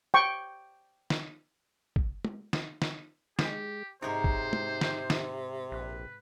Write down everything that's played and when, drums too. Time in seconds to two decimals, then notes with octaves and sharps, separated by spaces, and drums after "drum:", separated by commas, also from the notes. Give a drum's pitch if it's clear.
0.14 G5 C#6
1.10 drum: snare
1.96 drum: kick
2.25 drum: tom
2.53 drum: snare
2.82 drum: snare
3.39 G#3 G4, drum: snare
4.02 G#2 C3 D#4 A#4 C5 C#5
4.24 drum: kick
4.53 drum: tom
4.81 drum: snare
5.10 drum: snare
5.72 A#1 B4